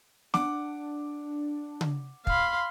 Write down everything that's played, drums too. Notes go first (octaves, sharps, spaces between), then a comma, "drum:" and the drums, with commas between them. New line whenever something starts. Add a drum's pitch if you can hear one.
D4 F#5 D6, drum: snare
drum: tom C#3
F5 B5 C6, drum: kick